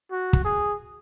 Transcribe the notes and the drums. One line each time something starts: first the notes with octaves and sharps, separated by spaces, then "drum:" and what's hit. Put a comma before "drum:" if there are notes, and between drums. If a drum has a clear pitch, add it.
F#4
drum: kick
G#4